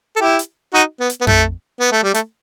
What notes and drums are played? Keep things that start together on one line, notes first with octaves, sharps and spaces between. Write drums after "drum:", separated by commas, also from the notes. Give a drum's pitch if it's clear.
A4
E4 G4
drum: hi-hat
D#4 F#4
B3
drum: hi-hat
B3
A3, drum: tom F2
B3
A3
G3
A3, drum: hi-hat